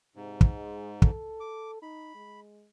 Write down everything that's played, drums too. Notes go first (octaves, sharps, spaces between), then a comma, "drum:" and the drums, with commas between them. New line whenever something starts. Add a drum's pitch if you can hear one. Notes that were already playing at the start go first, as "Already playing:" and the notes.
G#2 C3
drum: kick
G#3
A4, drum: kick
D6
D#4 B5
G#3